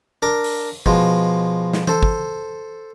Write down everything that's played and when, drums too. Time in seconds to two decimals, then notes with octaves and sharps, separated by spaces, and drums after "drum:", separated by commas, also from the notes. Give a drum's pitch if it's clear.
0.22 D4 A#4 D6
0.44 drum: open hi-hat
0.86 B2 F3 G#3, drum: kick
1.73 drum: snare
1.87 A4 C5, drum: tom E3
2.03 drum: kick